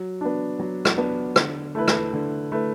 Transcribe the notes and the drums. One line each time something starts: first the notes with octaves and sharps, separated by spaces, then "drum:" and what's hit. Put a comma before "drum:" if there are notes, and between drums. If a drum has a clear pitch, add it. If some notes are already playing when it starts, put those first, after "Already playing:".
Already playing: F#3
B3 D4
F#3
drum: rim click
B3 D4
D3, drum: rim click
A3 E4 B4
drum: rim click
D3
A3 E4 B4